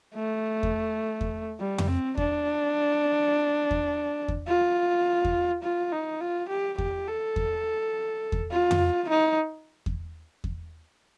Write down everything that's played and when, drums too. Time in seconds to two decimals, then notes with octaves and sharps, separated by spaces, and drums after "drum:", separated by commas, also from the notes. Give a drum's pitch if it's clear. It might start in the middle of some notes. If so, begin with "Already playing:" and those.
0.15 A3
0.63 drum: kick E2
1.21 drum: kick E2
1.60 G3
1.78 drum: tom F2
1.88 C4
2.17 D4, drum: kick E2
3.71 drum: kick E2
4.28 drum: kick E2
4.47 F4
5.25 drum: kick E2
5.63 F4
5.92 D#4
6.21 F4
6.49 G4
6.78 G4, drum: kick E2
7.07 A4
7.36 drum: kick E2
8.32 drum: kick E2
8.51 F4
8.71 drum: tom F2
9.09 D#4
9.86 drum: kick E2
10.44 drum: kick E2